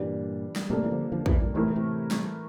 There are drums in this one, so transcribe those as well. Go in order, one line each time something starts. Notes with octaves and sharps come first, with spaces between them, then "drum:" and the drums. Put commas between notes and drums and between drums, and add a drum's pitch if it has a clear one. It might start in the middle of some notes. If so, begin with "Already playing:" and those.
Already playing: G2 A#2 E3 G3 D4
drum: snare
A2 C3 G3 A#3 D4 A4
E3
D3 F3
D3 F3
C3 E3, drum: kick
G2 A#2
A2 C3 E3 A3 E4 A#4
A2 C3
drum: snare